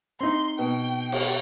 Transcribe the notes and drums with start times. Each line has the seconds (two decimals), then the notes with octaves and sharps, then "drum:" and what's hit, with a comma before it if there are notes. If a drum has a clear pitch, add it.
0.21 C4 D#4 C6
0.59 B2 G5
1.12 drum: cymbal